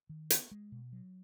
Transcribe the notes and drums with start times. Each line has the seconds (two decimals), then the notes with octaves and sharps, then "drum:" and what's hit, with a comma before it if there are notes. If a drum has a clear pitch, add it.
0.09 D#3
0.30 B3, drum: hi-hat
0.51 G#3
0.72 B2
0.92 F#3